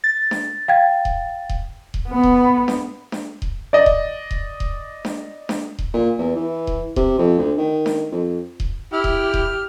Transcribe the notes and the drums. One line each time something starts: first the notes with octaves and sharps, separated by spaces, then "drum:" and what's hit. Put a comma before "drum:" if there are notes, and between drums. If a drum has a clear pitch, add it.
A6
drum: snare D4
F5 G5 G#6
drum: kick D#1
drum: kick D#1
drum: kick D#1
B3
drum: kick D#1
drum: snare D4
drum: snare D4
drum: kick D#1
D5 D#5
drum: kick D#1
drum: kick D#1
drum: kick D#1
drum: snare D4
drum: snare D4
drum: kick D#1
A#2
E2
E3
drum: kick D#1
C3, drum: kick D#1
F2
D2
D#3
drum: snare D4
F2
drum: kick D#1
E4 G4 F6
drum: kick D#1
drum: kick D#1